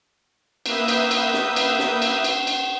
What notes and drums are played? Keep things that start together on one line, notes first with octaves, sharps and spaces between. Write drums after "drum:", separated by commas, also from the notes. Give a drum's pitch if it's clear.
A#3 B4 E5 D#6 G6, drum: cymbal
drum: cymbal
drum: cymbal
drum: snare
drum: cymbal
drum: snare
drum: cymbal
drum: cymbal
drum: cymbal